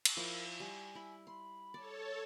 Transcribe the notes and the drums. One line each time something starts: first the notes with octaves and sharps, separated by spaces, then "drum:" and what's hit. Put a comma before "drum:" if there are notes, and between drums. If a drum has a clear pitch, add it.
drum: cymbal
F3 E4 A#4
G3 G#5
E4 B5
B5 C6
A4 C#5 D5 A5